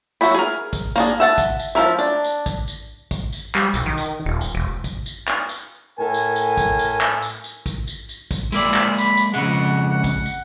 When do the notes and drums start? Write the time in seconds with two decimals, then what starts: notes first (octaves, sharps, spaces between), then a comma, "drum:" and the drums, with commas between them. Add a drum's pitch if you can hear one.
0.21 F#3 F#4 E5 B5
0.34 G#4 A#4
0.73 drum: kick, tambourine
0.96 A#3 D4 G#4, drum: tambourine
1.20 E5 F#5 A5
1.38 drum: kick, tambourine
1.59 drum: tambourine
1.75 F3 D#4 A#4 E5
1.99 D4
2.24 drum: tambourine
2.46 drum: kick, tambourine
2.68 drum: tambourine
3.11 drum: kick, tambourine
3.33 drum: tambourine
3.55 G3, drum: clap
3.74 B1, drum: tambourine
3.86 D#3
3.98 drum: tambourine
4.25 D#1
4.41 drum: tambourine
4.55 E1
4.84 drum: kick, tambourine
5.06 drum: tambourine
5.28 drum: clap
5.49 drum: tambourine
5.98 A2 A#4 G#5
6.14 drum: tambourine
6.36 drum: tambourine
6.57 drum: kick, tambourine
6.79 drum: tambourine
7.01 drum: clap
7.22 drum: tambourine
7.44 drum: tambourine
7.66 drum: kick, tambourine
7.87 drum: tambourine
8.09 drum: tambourine
8.31 drum: kick, tambourine
8.52 G#3 A#3 E4 D5, drum: tambourine
8.74 drum: clap
8.98 B5, drum: tambourine
9.17 drum: tambourine
9.34 F2 C#3 G#3 F#5
9.90 F#5
10.04 drum: kick, tambourine
10.26 drum: tambourine